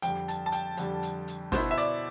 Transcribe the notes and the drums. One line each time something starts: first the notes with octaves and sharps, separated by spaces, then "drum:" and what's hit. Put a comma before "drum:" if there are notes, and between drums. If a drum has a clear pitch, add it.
F2 D3 G3 G5, drum: hi-hat
A5, drum: hi-hat
A5
G5, drum: hi-hat
F2 D3 G3, drum: hi-hat
drum: hi-hat
drum: hi-hat
B2 B3 E4 C5, drum: snare
E5
D5, drum: hi-hat